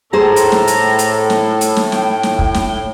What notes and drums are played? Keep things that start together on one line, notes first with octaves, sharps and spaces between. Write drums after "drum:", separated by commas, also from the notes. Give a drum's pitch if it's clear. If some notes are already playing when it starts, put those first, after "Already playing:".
A2 G#4 A4 C5 A#5
drum: hi-hat
drum: snare
drum: hi-hat
drum: hi-hat
drum: snare
drum: hi-hat
drum: snare
G5, drum: snare
drum: snare
drum: kick
drum: snare